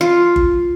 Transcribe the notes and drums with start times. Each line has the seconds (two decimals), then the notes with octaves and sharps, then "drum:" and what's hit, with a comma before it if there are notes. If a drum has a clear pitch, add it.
0.01 F4
0.36 drum: kick G1